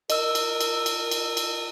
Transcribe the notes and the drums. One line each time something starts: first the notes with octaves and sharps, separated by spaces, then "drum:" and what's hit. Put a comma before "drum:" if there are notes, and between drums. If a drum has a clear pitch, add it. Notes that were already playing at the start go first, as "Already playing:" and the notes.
A#4 D#5 E6, drum: cymbal
drum: cymbal
drum: cymbal
drum: cymbal
drum: cymbal
drum: cymbal